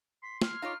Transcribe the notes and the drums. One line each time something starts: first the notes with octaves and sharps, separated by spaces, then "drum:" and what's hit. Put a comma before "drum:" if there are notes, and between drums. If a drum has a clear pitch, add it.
C6 B6
F6 G#6, drum: snare
D#4 F4 C#5 F5 A#5 D6